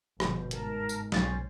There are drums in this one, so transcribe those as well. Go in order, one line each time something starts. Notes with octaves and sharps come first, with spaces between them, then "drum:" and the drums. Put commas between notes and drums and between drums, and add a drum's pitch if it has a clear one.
G1 F2 B2 C5, drum: rim click
G#2 A#4 A5, drum: hi-hat
drum: tambourine
B1 C#4 C5 A6, drum: snare